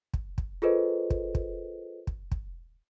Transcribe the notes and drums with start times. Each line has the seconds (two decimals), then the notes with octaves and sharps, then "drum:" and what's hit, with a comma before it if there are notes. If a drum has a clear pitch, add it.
0.14 drum: kick
0.38 drum: kick
0.62 F4 G#4 A4 B4 C5 D#5
1.10 drum: kick
1.35 drum: kick
2.07 drum: kick
2.31 drum: kick